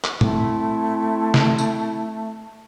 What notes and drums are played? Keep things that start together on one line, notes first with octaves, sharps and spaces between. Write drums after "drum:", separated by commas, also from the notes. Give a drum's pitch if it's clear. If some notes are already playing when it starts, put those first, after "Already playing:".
drum: clap
A3 C4 E4, drum: tom
drum: snare
drum: tambourine